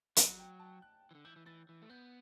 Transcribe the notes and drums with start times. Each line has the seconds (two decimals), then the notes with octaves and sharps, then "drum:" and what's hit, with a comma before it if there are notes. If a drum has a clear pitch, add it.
0.16 F#3 F#5, drum: hi-hat
0.39 G5
0.60 A5
0.82 F#6
1.11 E3
1.15 D3
1.25 E3 G6
1.36 E3
1.46 E3 A6
1.69 E3
1.82 A3
1.89 B3 G6